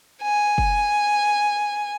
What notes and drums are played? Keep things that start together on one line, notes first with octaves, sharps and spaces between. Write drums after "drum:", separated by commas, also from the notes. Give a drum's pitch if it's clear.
G#5
drum: kick